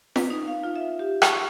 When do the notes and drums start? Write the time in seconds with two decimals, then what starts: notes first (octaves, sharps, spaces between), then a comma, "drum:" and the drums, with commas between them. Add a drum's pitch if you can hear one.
0.16 B4, drum: snare
0.30 D#4
0.47 F5
0.63 F4
0.76 E5
0.99 G4
1.22 C#6, drum: rim click